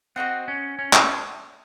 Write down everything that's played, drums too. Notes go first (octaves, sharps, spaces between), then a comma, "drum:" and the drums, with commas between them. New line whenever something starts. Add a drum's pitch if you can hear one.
C4 F#4 A#4 D#5 F#5
C#4
C#4
drum: clap